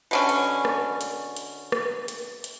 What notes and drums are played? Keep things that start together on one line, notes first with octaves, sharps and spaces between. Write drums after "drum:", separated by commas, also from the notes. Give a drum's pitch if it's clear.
B2 D3 C#4
drum: hi-hat
drum: rim click
drum: hi-hat
drum: hi-hat
drum: rim click
drum: hi-hat
drum: hi-hat